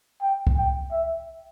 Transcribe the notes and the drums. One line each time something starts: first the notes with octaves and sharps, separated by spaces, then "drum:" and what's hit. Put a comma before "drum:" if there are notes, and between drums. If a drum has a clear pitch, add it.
G5
drum: kick C2
G5
E5